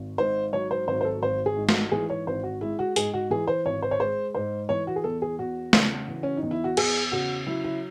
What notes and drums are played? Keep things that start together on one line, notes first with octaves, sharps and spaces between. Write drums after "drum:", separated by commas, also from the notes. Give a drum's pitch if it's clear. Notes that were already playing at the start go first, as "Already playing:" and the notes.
Already playing: G#1
G#2 C5
F#3 C#5
C5
G#1 C5
C5
A4
G#1 C5
G#4
G#2
F#4, drum: snare
E3 G#4
C#5
G#1 C5
F#4
G#3 E4
F#4
G#2 G#4, drum: hi-hat
F#4
E3 G#4
C5
G#1 C#5
C5
C#5
G#3 C5
G#2 C5
E3 C#5
F#4
G#4
E2 A4
G#4
E2 F#4
C#3, drum: snare
E3
C#4
D#4
E2
E4
F#4
E2 G#4, drum: cymbal
C#3 F#4
F#3 E4
E4